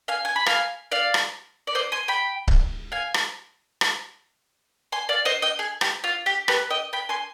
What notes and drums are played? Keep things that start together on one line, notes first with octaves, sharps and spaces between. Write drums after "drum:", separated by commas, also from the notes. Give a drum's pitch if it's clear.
F5 G#5
G#5
B5
F5 G#5, drum: rim click
D5 F5
drum: rim click
D5
C5 D#5
G#5 C6
G5 B5
drum: kick C#1
F5 G#5
drum: rim click
drum: rim click
G#5 C6
D5 F5
C5 D#5
D#5 G5
G#4
G4, drum: rim click
F4
G4
G4 B4, drum: rim click
D#5 G5
G5 B5
G#5 C6